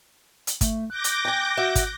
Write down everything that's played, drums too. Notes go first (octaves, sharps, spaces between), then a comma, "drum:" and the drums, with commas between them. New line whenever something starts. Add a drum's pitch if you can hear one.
drum: hi-hat
A3, drum: kick, hi-hat
D6 F#6 G6 A#6
drum: hi-hat
G5 G#5
F#4 E5
drum: kick, hi-hat